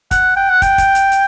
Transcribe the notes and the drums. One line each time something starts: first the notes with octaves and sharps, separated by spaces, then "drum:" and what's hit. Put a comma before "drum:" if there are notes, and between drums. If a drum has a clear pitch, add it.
F#5, drum: kick, hi-hat
G5
F#5
G5, drum: kick, hi-hat
drum: kick, hi-hat
drum: hi-hat
drum: hi-hat